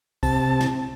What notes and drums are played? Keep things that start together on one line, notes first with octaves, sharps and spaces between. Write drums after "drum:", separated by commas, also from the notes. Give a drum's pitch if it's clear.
C3 A5, drum: kick, open hi-hat
drum: snare